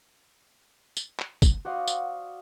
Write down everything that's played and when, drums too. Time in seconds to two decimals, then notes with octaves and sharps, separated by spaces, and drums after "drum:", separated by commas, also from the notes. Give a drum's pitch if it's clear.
0.97 drum: tambourine
1.19 drum: clap
1.42 drum: kick, tambourine
1.65 F#4 C5 D5 D#5 F5 F#5
1.87 drum: tambourine